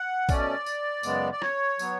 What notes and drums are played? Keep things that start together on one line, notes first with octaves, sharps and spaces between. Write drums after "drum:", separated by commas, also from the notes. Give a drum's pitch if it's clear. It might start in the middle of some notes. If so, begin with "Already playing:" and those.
Already playing: F#5
B2 A3 C#4 D5, drum: kick, tambourine
drum: tambourine
F#2 C#3 G#3 B3, drum: tambourine
D5
C#5, drum: rim click
F#3 B3, drum: tambourine